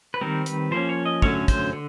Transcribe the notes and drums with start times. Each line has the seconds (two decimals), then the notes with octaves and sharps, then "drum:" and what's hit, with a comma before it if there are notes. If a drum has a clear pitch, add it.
0.14 B4
0.21 D#3 G3 C4 A#4
0.46 B4, drum: hi-hat
0.71 F3 A#3 C#4 C5
0.89 C#5
1.05 D#5
1.22 D3 F#3 A3 C#4 C#5, drum: kick
1.48 C5, drum: kick, hi-hat
1.73 D3